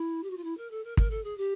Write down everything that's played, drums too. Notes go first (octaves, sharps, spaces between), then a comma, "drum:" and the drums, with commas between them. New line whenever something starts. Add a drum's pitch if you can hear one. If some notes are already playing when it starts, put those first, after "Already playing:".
Already playing: E4
G4
F#4
F4
E4
A#4
A4
A#4
A#4, drum: kick
A4
G#4
G4